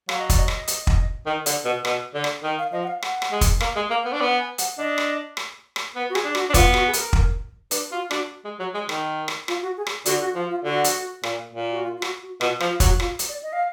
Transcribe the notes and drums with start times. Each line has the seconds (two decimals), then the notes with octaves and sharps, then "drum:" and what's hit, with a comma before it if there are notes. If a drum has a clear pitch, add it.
0.09 F#3 F5, drum: rim click
0.19 D#5
0.30 D5, drum: kick, hi-hat
0.38 D#5
0.48 drum: rim click
0.67 drum: hi-hat
0.87 drum: kick
1.26 D#3
1.46 D3, drum: hi-hat
1.65 B2
1.85 B2, drum: rim click
2.14 D3
2.24 drum: rim click
2.43 D#3
2.59 F5
2.72 F3 D#5
2.83 F#5
2.87 F5
3.02 F#5, drum: rim click
3.22 drum: rim click
3.32 G#3
3.41 drum: kick, hi-hat
3.60 A#3, drum: rim click
3.76 G#3
3.90 A#3
4.05 B3
4.13 D4
4.19 B3 F#5
4.40 G#5
4.58 F#5, drum: hi-hat
4.78 D4 D#5
4.98 drum: rim click
5.37 drum: rim click
5.76 drum: rim click
5.96 B3 B4
6.10 F#4
6.15 G#4, drum: rim click
6.25 D4
6.35 F#4, drum: rim click
6.50 D4
6.54 B3 F4, drum: kick, hi-hat
6.74 F#4, drum: rim click
6.87 G#4
6.93 A#4, drum: hi-hat
7.13 drum: kick
7.71 D4 B4, drum: hi-hat
7.91 F4 F#4
8.11 D4 F#4, drum: rim click
8.45 G#3
8.59 F#3
8.74 G#3
8.89 D#3, drum: rim click
9.28 drum: rim click
9.48 F4, drum: rim click
9.62 F#4
9.77 G#4
9.87 drum: rim click
10.05 D3 F#4, drum: hi-hat
10.21 F#4
10.35 F3 F4
10.51 F4
10.65 D3 F#4
10.84 drum: hi-hat
11.23 A#2, drum: rim click
11.53 A#2
11.71 F#4
11.82 F4
11.97 F4
12.02 F#4, drum: rim click
12.22 F#4
12.41 B2 F4, drum: rim click
12.60 F3, drum: rim click
12.70 F4
12.80 F#3, drum: kick, hi-hat
12.84 F#4
13.00 F4, drum: rim click
13.19 drum: hi-hat
13.29 D5
13.43 D#5
13.53 F5